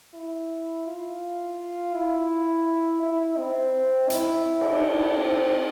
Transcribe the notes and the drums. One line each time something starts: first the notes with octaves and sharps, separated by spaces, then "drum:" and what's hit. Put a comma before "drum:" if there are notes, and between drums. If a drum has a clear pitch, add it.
E4
F4
E4
E4
C4
E4, drum: hi-hat
drum: cymbal
D4
C4